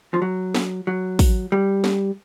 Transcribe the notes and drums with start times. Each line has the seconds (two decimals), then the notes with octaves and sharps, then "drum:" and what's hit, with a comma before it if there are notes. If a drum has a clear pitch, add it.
0.14 F3
0.22 F#3
0.55 drum: snare
0.87 F#3
1.19 drum: kick, open hi-hat
1.52 G3
1.84 drum: snare